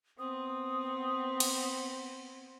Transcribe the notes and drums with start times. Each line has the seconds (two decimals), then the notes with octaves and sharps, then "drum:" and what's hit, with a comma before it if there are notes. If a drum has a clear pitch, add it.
0.19 B3 C4 D#6
1.40 drum: cymbal